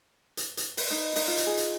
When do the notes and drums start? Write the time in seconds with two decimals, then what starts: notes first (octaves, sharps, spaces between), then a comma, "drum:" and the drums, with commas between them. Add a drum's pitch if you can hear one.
0.37 drum: hi-hat
0.57 drum: hi-hat
0.77 B4, drum: open hi-hat
0.90 D#4
1.16 D#4, drum: open hi-hat
1.27 F4
1.37 drum: hi-hat
1.47 G#4
1.57 drum: hi-hat